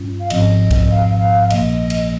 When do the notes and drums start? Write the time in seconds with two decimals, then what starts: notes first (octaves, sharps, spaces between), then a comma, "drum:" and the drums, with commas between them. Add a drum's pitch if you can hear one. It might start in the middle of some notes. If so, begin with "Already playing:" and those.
Already playing: G2 G3 C#4 F4
0.20 F5
0.30 G#1 G#2 F3 C4 D#5, drum: cymbal
0.71 drum: kick, cymbal
0.90 F5
1.17 F5
1.44 F5
1.50 A#1 A#2 F3 A#3 D#5, drum: cymbal
1.90 drum: cymbal